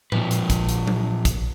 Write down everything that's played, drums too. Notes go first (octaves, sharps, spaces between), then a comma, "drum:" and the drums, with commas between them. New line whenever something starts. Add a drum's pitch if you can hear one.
A#2 F3 B4, drum: tom A2
drum: hi-hat
drum: kick, hi-hat
drum: hi-hat
drum: tom F#3
drum: kick, hi-hat